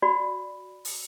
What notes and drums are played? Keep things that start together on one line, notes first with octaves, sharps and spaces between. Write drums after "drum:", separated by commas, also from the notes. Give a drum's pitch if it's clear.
F#4 D5 B5
drum: open hi-hat